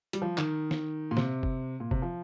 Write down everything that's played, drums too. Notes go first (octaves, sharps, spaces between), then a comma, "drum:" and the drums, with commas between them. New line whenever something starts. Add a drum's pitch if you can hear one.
G3, drum: hi-hat
F3
D#3, drum: clap
drum: snare
A#2
C3, drum: snare
drum: kick F#1
A#2
C3, drum: kick F#1
F3